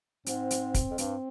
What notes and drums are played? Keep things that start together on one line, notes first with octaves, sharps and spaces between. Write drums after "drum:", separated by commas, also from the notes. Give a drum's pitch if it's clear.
G#2 C4, drum: hi-hat
drum: hi-hat
drum: kick, hi-hat
F2
G2, drum: hi-hat